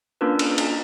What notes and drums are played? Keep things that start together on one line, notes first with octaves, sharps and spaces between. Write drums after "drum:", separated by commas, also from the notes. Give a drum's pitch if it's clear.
A#3 C#4 D4 F4 A#4 B4
drum: cymbal
drum: cymbal